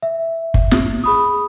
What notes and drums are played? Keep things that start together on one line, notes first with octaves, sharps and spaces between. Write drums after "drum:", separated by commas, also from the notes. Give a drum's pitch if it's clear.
E5
drum: kick
drum: snare
G#4 B5 D#6